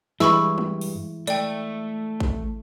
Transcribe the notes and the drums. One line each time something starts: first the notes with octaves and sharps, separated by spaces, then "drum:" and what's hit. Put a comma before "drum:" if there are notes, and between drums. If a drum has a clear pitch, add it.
G2 E3 G#3 E4 B5 C#6 E6, drum: snare
drum: tom G3
drum: open hi-hat
A3 D5 G5, drum: hi-hat
drum: kick A1